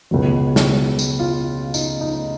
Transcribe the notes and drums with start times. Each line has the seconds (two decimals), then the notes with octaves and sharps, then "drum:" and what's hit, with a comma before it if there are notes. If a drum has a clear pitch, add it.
0.11 C#2 B2 F#3
0.56 drum: snare
0.99 drum: tambourine
1.19 F4
1.74 D#4, drum: tambourine
2.01 D#4